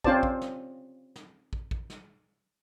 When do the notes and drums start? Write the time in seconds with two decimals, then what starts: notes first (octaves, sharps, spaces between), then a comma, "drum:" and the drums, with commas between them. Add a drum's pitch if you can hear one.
0.04 C4 C#4 F4 C5 D5 A5, drum: kick
0.23 drum: kick
0.42 drum: snare
1.16 drum: snare
1.53 drum: kick
1.71 drum: kick
1.90 drum: snare